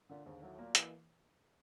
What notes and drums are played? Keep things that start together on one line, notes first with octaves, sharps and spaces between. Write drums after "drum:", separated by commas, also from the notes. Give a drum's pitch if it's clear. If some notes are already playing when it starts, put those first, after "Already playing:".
A#2 D3
D#2 G#2
A2 F#3
A#2 A#3
B2 E3, drum: hi-hat